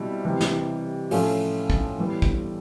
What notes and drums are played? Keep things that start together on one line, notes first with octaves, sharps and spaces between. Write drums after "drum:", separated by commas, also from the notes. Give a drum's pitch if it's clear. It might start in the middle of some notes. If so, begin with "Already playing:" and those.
Already playing: B2 G3 C4 E4
C3 E3 G3
drum: snare
A2 F3 A3 C#4, drum: open hi-hat
drum: kick
E3 G3 B3
drum: kick